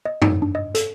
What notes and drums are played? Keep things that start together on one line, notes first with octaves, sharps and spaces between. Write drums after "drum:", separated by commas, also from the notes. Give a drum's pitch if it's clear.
D#5
D#4, drum: tom F#2
D4
D#5
A4, drum: hi-hat